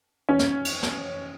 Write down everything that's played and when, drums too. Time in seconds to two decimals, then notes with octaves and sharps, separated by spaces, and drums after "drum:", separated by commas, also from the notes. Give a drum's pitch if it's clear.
0.29 C#4
0.39 drum: snare
0.65 drum: cymbal
0.83 drum: snare